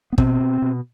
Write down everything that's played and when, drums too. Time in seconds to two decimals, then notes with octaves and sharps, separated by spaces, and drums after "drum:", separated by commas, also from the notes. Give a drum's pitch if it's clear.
0.12 B3
0.18 B2 C4, drum: kick
0.41 B2
0.62 B2